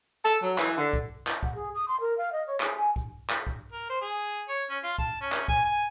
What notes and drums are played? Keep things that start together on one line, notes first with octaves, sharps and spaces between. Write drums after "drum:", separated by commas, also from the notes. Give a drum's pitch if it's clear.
A4
F#3
E3, drum: clap
D3
drum: kick C2
drum: clap
F#5, drum: kick C2
G#4
D#6
C6
A#4
F5
D#5
C#5
G#4, drum: clap
G#5
drum: kick C2
drum: clap
drum: kick C2
A#4
C5
G#4
C#5
C#4
F4
A5, drum: kick C2
C#4
drum: clap
G#5, drum: kick C2
G#5